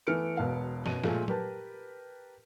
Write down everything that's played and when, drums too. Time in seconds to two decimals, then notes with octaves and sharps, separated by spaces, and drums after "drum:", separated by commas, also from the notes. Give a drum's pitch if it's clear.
0.07 E3 A3 B3 F6 C#7 D7
0.37 E1 B2 B3 F5
0.86 F#2 B2 D#7, drum: snare
1.04 A#2 F3 G#3 A3, drum: snare
1.28 G4 A#4 B4 A5, drum: tom F#3